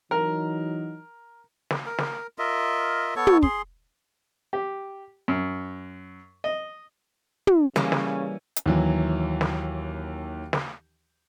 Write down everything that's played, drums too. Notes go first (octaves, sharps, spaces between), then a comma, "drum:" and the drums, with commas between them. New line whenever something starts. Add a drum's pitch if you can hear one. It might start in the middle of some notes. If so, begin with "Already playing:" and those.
E3 F#3 D#4 A#4
drum: snare
A#4
drum: snare
F4 A#4 D#5 E5
B3 A4 C#5 C#6
drum: tom
G#4 C6, drum: kick
G4
F#2
D#5
drum: tom
C#3 E3 G3 A#3 C#4, drum: snare
drum: snare
drum: hi-hat
D#2 E3 F#3
drum: snare
drum: snare